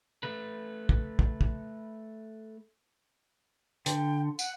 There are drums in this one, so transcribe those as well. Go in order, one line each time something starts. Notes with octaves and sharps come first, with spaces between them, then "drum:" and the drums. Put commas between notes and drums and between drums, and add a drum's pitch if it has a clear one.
A3 B4
drum: kick
drum: kick
drum: kick
D3 G5, drum: hi-hat
F#5, drum: tambourine